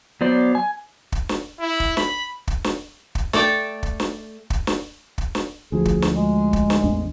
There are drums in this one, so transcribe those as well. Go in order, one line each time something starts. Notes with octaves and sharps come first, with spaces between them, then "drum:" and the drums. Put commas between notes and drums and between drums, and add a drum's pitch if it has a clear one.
F#3 B3 C5 D5
G#5
drum: kick
drum: snare
E4
drum: kick
B5, drum: snare
drum: kick
drum: snare
drum: kick
A3 A4 D5 G5, drum: snare
drum: kick
drum: snare
drum: kick
drum: snare
drum: kick
drum: snare
D2 F3 G#4
drum: kick
drum: snare
G#3
drum: kick
drum: snare
A1 E2 D4